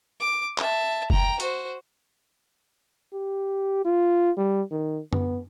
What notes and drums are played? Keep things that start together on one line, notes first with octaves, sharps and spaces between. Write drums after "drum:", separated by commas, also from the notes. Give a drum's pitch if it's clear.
D6
E5 A5, drum: clap
G5 A#5, drum: kick F#1
F#4 C5, drum: hi-hat
G4
F4
G3
D#3
B3, drum: tom F#2